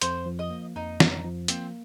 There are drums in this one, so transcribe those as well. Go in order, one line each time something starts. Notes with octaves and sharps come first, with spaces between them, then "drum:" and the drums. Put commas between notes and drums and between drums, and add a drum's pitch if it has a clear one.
F2 C5, drum: hi-hat
F3
D#5
A#3
F2 D#4
F2, drum: snare
F3
A#3 C4, drum: hi-hat